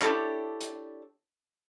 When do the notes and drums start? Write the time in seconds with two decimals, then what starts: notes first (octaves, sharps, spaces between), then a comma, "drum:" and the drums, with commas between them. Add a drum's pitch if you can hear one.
0.02 D4 E4 G4 A4 C#5, drum: clap
0.61 drum: hi-hat